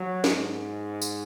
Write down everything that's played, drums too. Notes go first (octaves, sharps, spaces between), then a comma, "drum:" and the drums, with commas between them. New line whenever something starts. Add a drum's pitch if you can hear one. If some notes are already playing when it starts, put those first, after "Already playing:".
Already playing: F#3
G#2, drum: snare
drum: tambourine